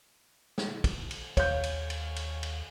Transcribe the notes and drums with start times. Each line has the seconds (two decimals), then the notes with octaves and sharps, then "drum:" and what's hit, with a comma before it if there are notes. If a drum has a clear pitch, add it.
0.58 drum: snare
0.84 drum: kick, cymbal
1.11 drum: cymbal
1.37 D#2 C#5 F5 G6, drum: kick, cymbal
1.63 drum: cymbal
1.90 drum: cymbal
2.16 drum: cymbal
2.43 drum: cymbal